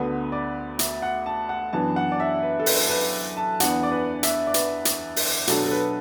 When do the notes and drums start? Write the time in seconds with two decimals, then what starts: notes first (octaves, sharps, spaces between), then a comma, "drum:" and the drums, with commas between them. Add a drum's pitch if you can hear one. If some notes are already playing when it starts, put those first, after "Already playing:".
Already playing: D2 D3 B3 B4
0.32 D5
0.79 E5, drum: hi-hat
1.02 F#5
1.26 A5
1.49 F#5
1.73 F#2 E3 B3 D4 A5
1.96 F#5
2.12 D5
2.20 E5
2.43 B4
2.60 A4
2.66 B4, drum: open hi-hat
2.89 B4
3.37 A5
3.60 E2 E3 B3 D4 F#5, drum: hi-hat
3.83 D5
3.92 B4
4.23 E5, drum: hi-hat
4.47 D5
4.54 B4, drum: hi-hat
4.85 drum: hi-hat
5.16 drum: open hi-hat
5.47 B2 F#3 B3 D4 A4, drum: hi-hat
5.64 A4
5.71 B4